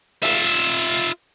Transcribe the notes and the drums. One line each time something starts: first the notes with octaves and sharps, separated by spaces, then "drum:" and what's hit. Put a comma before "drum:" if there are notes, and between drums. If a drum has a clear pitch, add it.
F4 E5, drum: open hi-hat